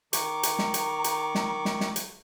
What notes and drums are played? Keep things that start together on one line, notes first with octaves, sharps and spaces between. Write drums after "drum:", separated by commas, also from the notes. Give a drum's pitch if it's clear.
D#3 A#5 C#6 D6, drum: hi-hat
drum: hi-hat
drum: snare
drum: hi-hat
drum: hi-hat
drum: snare
drum: snare
drum: snare
drum: hi-hat